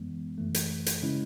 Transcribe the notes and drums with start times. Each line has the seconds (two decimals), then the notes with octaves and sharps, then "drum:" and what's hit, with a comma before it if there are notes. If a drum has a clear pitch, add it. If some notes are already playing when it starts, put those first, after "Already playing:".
Already playing: F#2 E3 G#3 B3
0.38 F#2 E3 A3
0.54 drum: hi-hat
0.86 drum: hi-hat
1.02 C#3 G#3 C#4 E4